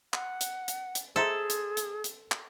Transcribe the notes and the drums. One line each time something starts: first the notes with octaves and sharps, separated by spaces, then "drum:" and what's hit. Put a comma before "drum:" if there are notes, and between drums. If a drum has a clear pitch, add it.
F#5, drum: clap
drum: hi-hat
drum: hi-hat
drum: hi-hat
G#4 A4 C5 E5 A#5
drum: hi-hat
drum: hi-hat
drum: hi-hat
drum: clap